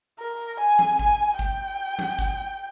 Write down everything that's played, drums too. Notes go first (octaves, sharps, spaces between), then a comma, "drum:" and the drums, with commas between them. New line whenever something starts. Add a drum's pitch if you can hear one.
A#4
G#5
drum: tom E3
G#5, drum: kick G#1
G5, drum: kick G#1
drum: tom E3
drum: kick G#1